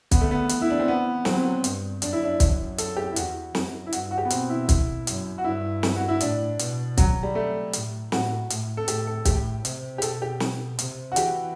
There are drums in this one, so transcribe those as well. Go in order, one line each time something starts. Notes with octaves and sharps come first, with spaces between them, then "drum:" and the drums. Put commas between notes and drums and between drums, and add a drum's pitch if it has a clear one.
D3 B3, drum: kick, hi-hat
A3
B3
E3, drum: hi-hat
E4
D4
C4
B3
F#3 C4, drum: snare
G2, drum: hi-hat
F#2 D4, drum: hi-hat
E4
D4
drum: kick, hi-hat
A4, drum: hi-hat
G4
E4
E2 F#4, drum: hi-hat
F#2, drum: snare
E4
G2 F#4, drum: hi-hat
F#4
G4
B3
B2 C4, drum: hi-hat
E4
drum: kick, hi-hat
F#2, drum: hi-hat
F#4
G2 E4
drum: snare
F#4
E4
A2 D4, drum: hi-hat
B2, drum: hi-hat
F#3, drum: kick, hi-hat
G3
A3
A2, drum: hi-hat
A2 F#4, drum: snare
A2, drum: hi-hat
A4
A2 G4, drum: hi-hat
A4
A2 G4, drum: kick, hi-hat
C3, drum: hi-hat
G4
B2 A4, drum: hi-hat
G4
drum: snare
C3, drum: hi-hat
F#4
E3 G4, drum: hi-hat